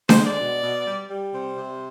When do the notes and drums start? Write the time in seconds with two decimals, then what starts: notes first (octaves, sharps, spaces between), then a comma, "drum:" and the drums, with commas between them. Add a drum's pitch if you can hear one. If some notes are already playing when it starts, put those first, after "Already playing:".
0.09 C5, drum: snare D4
0.16 G#3
0.25 D5
0.40 B2
0.64 B2
0.86 G3
1.10 G3
1.33 C3 C5
1.56 C3